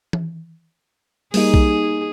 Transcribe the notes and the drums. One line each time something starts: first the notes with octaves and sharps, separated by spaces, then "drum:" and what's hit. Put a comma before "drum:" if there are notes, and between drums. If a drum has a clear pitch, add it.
drum: tom E3
G3 A#3 D#4 G#4, drum: open hi-hat
drum: kick B1